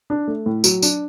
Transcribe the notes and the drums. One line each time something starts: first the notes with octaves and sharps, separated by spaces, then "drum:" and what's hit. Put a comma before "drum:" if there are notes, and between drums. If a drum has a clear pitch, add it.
D4
A3
A2
F#3, drum: tambourine
D4, drum: tambourine